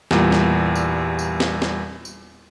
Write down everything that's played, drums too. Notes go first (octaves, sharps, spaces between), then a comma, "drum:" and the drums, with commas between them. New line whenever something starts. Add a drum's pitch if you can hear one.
E2 A#2 G3, drum: snare
drum: snare
drum: tambourine
drum: tambourine
drum: snare
drum: snare
drum: tambourine